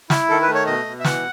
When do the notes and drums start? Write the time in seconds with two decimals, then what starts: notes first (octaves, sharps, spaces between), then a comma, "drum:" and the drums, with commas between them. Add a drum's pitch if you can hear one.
0.10 E4, drum: snare
0.29 D#3 A4
0.42 B4
0.48 A3
0.55 C#5
0.67 B2 D#5
0.86 B2
1.00 E5
1.05 E3 F#5, drum: snare